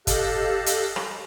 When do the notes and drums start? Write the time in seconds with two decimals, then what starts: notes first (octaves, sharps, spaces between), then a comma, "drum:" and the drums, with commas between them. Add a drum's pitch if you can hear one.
0.07 G4 A4 D#5 F5 A5 F#6, drum: kick G1, hi-hat
0.66 drum: hi-hat
0.96 drum: rim click